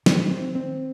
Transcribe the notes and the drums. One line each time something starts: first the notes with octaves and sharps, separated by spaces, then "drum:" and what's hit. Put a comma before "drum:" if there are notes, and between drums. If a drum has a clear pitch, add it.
D#3, drum: snare
C4
C4